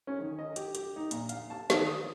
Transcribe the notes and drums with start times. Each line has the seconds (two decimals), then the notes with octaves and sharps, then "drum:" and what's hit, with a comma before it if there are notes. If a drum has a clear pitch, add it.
0.07 C#4
0.20 D#3
0.39 D#5
0.56 G4, drum: hi-hat
0.75 G4, drum: hi-hat
0.96 D#4
1.11 A#2, drum: hi-hat
1.29 F5, drum: hi-hat
1.50 A5
1.70 D#3, drum: snare
1.86 D#6